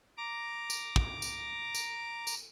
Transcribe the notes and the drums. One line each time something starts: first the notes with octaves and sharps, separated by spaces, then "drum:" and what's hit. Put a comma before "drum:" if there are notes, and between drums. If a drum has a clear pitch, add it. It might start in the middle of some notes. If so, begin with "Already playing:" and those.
A#5 D6
drum: tambourine
drum: kick
drum: tambourine
drum: tambourine
drum: tambourine